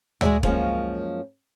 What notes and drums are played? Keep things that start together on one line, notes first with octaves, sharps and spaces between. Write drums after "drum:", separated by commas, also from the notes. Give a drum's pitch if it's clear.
G#3 F#4 G#4 C5 D5 E5, drum: tom D2
F#2 F3 G#3 A#3 C#4, drum: kick E1